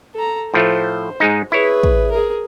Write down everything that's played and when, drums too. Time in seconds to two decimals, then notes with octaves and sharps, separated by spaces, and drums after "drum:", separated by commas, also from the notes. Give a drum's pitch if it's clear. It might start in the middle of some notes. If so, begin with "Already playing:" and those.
0.14 A4 A#5
0.54 A2 F3 A3 C5
1.20 G#2 G#3 D#4
1.52 E4 G#4 B4 C#5
1.83 drum: kick
2.12 G#4 A#4